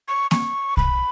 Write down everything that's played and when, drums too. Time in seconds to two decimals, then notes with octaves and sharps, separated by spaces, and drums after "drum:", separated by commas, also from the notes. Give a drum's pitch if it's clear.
0.08 C#6
0.31 C#6, drum: snare A#3
0.77 B5, drum: kick